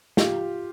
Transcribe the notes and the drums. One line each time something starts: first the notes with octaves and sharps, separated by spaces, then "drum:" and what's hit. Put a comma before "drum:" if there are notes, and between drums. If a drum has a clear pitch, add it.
F4 G4, drum: snare